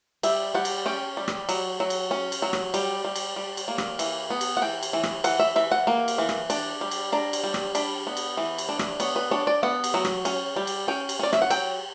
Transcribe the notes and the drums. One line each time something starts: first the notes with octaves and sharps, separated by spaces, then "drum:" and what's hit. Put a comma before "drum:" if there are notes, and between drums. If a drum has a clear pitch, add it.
G3 E5, drum: cymbal
G3 F#5
drum: cymbal
C#4 G5
G3
drum: rim click
F#3, drum: cymbal
F#3
drum: cymbal
C#4
drum: cymbal
F#3
drum: rim click
G3, drum: cymbal
G3
drum: cymbal
G3
drum: cymbal
A#3
drum: rim click
E3, drum: cymbal
B3
drum: cymbal
F#5
E3 G5
drum: cymbal
E3
drum: rim click
E3 F#5, drum: cymbal
E5
E3 E5
F#5
A#3
drum: cymbal
E3
drum: rim click
D4, drum: cymbal
G3
drum: cymbal
D4 A#5
drum: cymbal
G3
drum: rim click
D4 B5, drum: cymbal
B3
drum: cymbal
E3
drum: cymbal
D4
drum: rim click
B3 C#5, drum: cymbal
B4
D4 C#5
D5
B3 F#5
drum: cymbal
F#3
drum: rim click
C#4, drum: cymbal
G3
drum: cymbal
C#4 G5
drum: cymbal
C#4 D5
E5, drum: rim click
F#5
F#3 G5, drum: cymbal